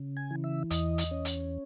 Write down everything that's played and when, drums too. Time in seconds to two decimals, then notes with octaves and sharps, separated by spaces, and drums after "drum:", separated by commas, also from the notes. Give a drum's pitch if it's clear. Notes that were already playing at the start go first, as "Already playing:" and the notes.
Already playing: C#3
0.17 G#5
0.31 E3
0.44 E5
0.70 E2 D#5, drum: hi-hat
0.98 drum: hi-hat
1.11 C#4
1.25 drum: hi-hat